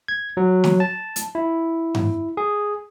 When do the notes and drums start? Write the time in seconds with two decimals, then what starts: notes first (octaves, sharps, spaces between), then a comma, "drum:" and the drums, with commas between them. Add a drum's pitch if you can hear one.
0.08 G#6
0.37 F#3
0.64 drum: snare
0.80 A5
1.16 drum: hi-hat
1.35 E4
1.95 drum: tom G2
2.37 G#4